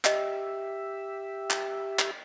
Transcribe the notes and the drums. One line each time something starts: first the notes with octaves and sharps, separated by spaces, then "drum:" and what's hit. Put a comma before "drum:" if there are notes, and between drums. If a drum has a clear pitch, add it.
G4 D#5 E5, drum: clap
drum: clap
drum: clap